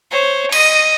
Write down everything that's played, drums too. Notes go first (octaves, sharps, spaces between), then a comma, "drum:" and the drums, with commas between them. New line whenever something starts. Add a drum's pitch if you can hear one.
C5 C#5
D#5 D#7, drum: cymbal